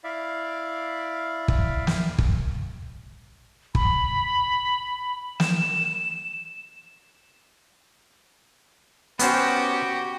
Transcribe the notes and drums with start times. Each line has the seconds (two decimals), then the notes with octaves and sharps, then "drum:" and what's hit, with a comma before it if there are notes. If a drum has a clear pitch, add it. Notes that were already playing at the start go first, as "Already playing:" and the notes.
0.04 E4 D5 E5 F5
1.48 drum: kick
1.87 drum: snare
2.18 drum: kick
3.75 B5, drum: kick
5.40 E7, drum: snare
9.19 B3 C#4 F#4 G4 C5, drum: hi-hat